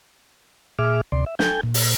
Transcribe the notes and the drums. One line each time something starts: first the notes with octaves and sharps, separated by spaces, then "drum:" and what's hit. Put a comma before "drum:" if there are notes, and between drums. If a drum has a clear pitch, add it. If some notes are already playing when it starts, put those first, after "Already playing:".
A#2 G#4 E5 D6 F6
D2 C3 D5 C6
E5
A4 G5 G#5 G6, drum: snare
A#2
drum: open hi-hat